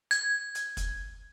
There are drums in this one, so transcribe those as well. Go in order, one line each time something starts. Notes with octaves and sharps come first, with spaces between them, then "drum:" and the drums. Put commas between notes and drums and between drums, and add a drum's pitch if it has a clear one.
G#6, drum: hi-hat
drum: hi-hat
drum: kick, hi-hat